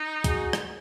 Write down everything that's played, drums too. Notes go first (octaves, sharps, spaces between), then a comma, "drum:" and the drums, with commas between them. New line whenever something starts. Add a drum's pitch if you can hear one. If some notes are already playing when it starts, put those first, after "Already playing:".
Already playing: D#4
F#4 G#4, drum: kick, hi-hat
drum: rim click